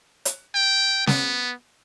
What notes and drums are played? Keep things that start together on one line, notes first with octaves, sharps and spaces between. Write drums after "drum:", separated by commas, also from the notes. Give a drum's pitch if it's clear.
drum: hi-hat
G5
B3, drum: snare